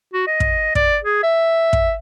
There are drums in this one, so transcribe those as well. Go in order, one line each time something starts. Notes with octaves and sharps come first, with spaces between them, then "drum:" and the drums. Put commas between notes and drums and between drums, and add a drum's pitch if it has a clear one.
F#4
D#5
drum: kick
D5, drum: kick
G#4
E5
drum: kick